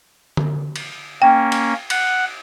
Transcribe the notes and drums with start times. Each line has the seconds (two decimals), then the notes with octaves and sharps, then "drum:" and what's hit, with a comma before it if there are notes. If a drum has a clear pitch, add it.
0.37 drum: tom D3
0.76 drum: cymbal
1.22 A#3 C#4 G5
1.52 drum: cymbal
1.90 F#5, drum: cymbal